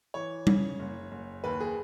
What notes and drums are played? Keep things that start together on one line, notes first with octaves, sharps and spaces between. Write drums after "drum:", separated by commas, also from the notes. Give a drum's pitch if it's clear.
E3 C#5
C#3, drum: tom G3
F#1
F#1
D#2 B4
G#4